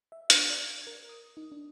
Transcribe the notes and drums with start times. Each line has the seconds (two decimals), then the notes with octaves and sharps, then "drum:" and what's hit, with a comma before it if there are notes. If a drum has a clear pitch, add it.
0.12 E5
0.30 D4, drum: hi-hat
0.50 D5
0.66 G#6
0.87 A#4
1.09 D#6
1.37 D#4
1.52 D4